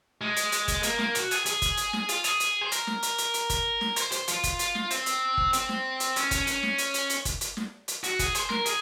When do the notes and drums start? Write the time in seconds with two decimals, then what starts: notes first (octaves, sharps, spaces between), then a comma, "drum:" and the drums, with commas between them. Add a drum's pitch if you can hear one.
0.21 G#3
0.37 drum: hi-hat
0.52 drum: hi-hat
0.68 drum: kick G1, hi-hat
0.83 A#3, drum: hi-hat
0.99 A#3, drum: snare
1.15 F#4, drum: hi-hat
1.31 G#4, drum: hi-hat
1.46 G#4, drum: hi-hat
1.62 drum: kick G1, hi-hat
1.77 drum: hi-hat
1.93 drum: snare
2.09 F4, drum: hi-hat
2.24 G#4, drum: hi-hat
2.40 drum: hi-hat
2.61 C5
2.72 A#4, drum: hi-hat
2.87 drum: snare
3.03 drum: hi-hat
3.18 drum: hi-hat
3.34 drum: hi-hat
3.50 drum: kick G1, hi-hat
3.81 drum: snare
3.96 C5, drum: hi-hat
4.12 C5, drum: hi-hat
4.28 F4, drum: hi-hat
4.44 drum: kick G1, hi-hat
4.59 drum: hi-hat
4.75 drum: snare
4.91 C4, drum: hi-hat
5.06 drum: hi-hat
5.38 drum: kick G1
5.53 C4, drum: hi-hat
5.69 drum: snare
6.00 drum: hi-hat
6.16 C#4, drum: hi-hat
6.31 C#4, drum: kick G1, hi-hat
6.47 C#4, drum: hi-hat
6.63 drum: snare
6.78 drum: hi-hat
6.94 drum: hi-hat
7.10 drum: hi-hat
7.25 drum: kick G1, hi-hat
7.41 drum: hi-hat
7.57 drum: snare
7.88 drum: hi-hat
8.04 F#4, drum: hi-hat
8.19 G#4, drum: kick G1, hi-hat
8.35 C5, drum: hi-hat
8.50 A#4, drum: snare
8.66 G#4, drum: hi-hat